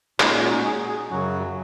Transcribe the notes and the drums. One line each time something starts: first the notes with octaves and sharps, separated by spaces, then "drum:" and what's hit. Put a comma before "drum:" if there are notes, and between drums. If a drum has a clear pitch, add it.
A#2 G#3 C#4 D#4, drum: clap
F#4
D#4
F#4
G#4
G#4
F#2 C#3 F#3 F#4